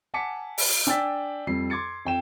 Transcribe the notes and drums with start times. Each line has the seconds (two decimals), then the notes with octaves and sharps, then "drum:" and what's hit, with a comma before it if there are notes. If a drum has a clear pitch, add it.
0.14 F#5 G#5 A5 D6 B6 C#7
0.58 drum: open hi-hat
0.87 D4 G5 G#5 E6 A6 B6
1.47 F2 G3 C7
1.70 C6 D6 G#6 A6 C#7
2.05 F2 G5 E7